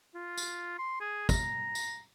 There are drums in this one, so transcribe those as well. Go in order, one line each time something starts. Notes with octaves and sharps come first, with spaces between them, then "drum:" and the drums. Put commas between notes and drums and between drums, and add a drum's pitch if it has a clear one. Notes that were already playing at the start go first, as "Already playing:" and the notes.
F4
drum: tambourine
C6
G#4
A#5, drum: kick, tambourine
drum: tambourine